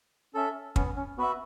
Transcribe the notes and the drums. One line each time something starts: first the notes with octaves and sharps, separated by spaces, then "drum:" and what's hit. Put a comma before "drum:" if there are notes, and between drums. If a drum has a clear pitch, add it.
C#4 A4 E5
B3 C#4, drum: kick
C#4
B3 F#4 B4 E5